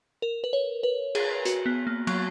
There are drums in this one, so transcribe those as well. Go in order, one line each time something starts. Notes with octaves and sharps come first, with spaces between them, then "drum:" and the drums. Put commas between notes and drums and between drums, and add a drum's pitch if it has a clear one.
A#4
B4
C#5
B4
G#4, drum: cymbal
F#4, drum: hi-hat
B3
A#3
F#3, drum: cymbal